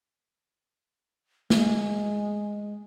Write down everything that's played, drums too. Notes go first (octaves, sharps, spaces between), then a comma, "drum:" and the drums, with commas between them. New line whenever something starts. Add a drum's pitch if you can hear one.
G#3, drum: snare